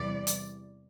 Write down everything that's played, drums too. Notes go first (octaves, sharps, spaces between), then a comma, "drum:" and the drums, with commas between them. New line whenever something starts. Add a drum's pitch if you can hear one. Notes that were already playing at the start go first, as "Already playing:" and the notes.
Already playing: E2 C3 E3 G3 D5
drum: hi-hat